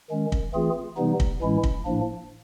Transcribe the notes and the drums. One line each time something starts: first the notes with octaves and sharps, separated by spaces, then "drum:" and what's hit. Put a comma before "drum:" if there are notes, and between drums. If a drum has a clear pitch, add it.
D#3 G#3 C#4
drum: kick
E3 A3 C4 F4 G#4
C3 E3 G3 B3 D#4
drum: kick
A2 E3 G#3 C#4 E4
drum: kick
A2 F3 A#3 D4